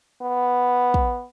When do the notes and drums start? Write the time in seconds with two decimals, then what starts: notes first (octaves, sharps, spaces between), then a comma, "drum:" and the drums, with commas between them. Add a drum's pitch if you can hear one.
0.22 B3
0.94 drum: kick